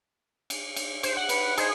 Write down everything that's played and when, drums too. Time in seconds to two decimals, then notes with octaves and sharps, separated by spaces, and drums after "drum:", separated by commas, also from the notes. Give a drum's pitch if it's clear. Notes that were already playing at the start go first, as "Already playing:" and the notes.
0.50 drum: cymbal
0.76 drum: cymbal
1.03 C5, drum: cymbal
1.17 F#5
1.29 B4, drum: cymbal
1.58 D#4 G#4 C5, drum: cymbal